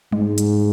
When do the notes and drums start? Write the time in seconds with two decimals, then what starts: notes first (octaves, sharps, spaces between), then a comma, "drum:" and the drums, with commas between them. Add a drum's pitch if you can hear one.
0.12 G#2, drum: tom G3
0.38 drum: hi-hat